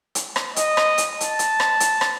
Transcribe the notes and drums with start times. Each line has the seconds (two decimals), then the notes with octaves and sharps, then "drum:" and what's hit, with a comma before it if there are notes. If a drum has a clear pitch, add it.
0.15 drum: hi-hat
0.36 drum: rim click
0.56 D#5, drum: hi-hat
0.77 drum: rim click
0.98 drum: hi-hat
1.21 A5, drum: hi-hat
1.39 drum: hi-hat
1.60 drum: rim click
1.80 drum: hi-hat
2.01 drum: rim click